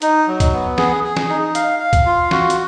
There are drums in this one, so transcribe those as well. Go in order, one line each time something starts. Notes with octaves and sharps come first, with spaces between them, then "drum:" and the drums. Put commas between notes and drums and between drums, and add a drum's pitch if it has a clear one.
D#4, drum: hi-hat
F#3
drum: kick C#2, hi-hat
B3
G#4, drum: snare
G#4
drum: snare
D#4
F5, drum: hi-hat
F5
drum: kick C#2, hi-hat
F4
F#4, drum: snare
drum: hi-hat